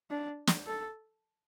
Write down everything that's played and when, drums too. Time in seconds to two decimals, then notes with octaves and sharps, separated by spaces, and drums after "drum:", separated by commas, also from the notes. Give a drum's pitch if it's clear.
0.11 D4
0.47 drum: snare
0.67 A4